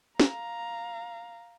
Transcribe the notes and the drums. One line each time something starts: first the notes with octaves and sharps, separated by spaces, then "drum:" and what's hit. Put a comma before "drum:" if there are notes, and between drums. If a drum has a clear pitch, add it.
F5 A#5, drum: snare